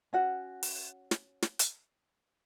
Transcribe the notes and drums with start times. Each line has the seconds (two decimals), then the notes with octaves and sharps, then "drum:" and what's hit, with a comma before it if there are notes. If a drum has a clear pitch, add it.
0.13 C#4 F#4 F#5
0.63 drum: open hi-hat
1.11 drum: snare
1.42 drum: snare
1.59 drum: hi-hat